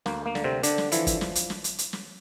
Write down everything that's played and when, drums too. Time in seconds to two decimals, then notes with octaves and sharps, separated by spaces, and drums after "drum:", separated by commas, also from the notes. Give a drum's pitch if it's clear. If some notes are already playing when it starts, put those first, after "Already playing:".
0.06 D2 A#3, drum: snare
0.26 A#3
0.35 D3, drum: snare
0.44 C3 C4
0.63 D3 D4, drum: hi-hat
0.78 drum: snare
0.92 E3 F3 E4, drum: hi-hat
1.07 drum: kick, hi-hat
1.21 drum: snare
1.35 drum: hi-hat
1.50 drum: snare
1.64 drum: hi-hat
1.78 drum: hi-hat
1.93 drum: snare